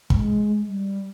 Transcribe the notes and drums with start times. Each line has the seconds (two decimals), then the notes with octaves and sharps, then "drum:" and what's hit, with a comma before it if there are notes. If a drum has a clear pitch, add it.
0.10 G#3, drum: kick
0.65 G3